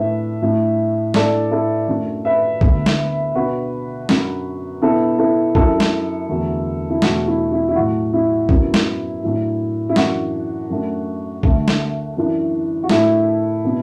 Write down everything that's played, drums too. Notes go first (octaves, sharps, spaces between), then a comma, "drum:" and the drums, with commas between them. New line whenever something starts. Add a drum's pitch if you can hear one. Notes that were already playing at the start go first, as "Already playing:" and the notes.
Already playing: A2 A3 D4 B4 E5
A2 A3 D4
A2 A3 D4 A4 D5, drum: snare
E4 A4
F#2 F#3 A3 D4
B4 E5
D2 D3 B3, drum: kick
drum: snare
B2 B3 D4 F#4 B4
F#2 F#3 D4, drum: snare
B2 B3 D4 E4 A4
E4 A4
F#2 F#3 D4 E4 A4, drum: kick
drum: snare
E2 D3 F#3 A3
E4
E2 B2 A3 D4 F#4, drum: snare
E4
E4
E4
A2 F#3 A3 F#4
E4
F#2 F#3 B3 D4, drum: kick
drum: snare
A2 F#3 D4
E4
F#2 E3 D4 F#4, drum: snare
F#2 F#3 A3 D4
D2 D3 A3 D4, drum: kick
drum: snare
F#2 E3 D4
F#4
A2 A3 D4 E4 A4, drum: snare
B2 B3 D4